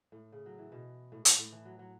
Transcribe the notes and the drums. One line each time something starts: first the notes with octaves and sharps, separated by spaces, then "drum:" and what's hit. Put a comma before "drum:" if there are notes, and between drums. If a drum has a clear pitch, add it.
A2
C#3
F#3
E3
B2
A2
A2, drum: hi-hat
A2
E3
F#3
F#3